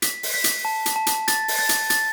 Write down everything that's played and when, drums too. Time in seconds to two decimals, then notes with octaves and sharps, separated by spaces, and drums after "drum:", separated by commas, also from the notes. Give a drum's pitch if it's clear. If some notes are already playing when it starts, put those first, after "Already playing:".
0.02 B6, drum: hi-hat
0.23 drum: open hi-hat
0.34 B6
0.44 drum: hi-hat
0.65 A5
0.86 drum: hi-hat
0.96 A5
1.07 drum: hi-hat
1.28 A6, drum: hi-hat
1.48 drum: open hi-hat
1.59 A6
1.69 drum: hi-hat
1.90 A6, drum: hi-hat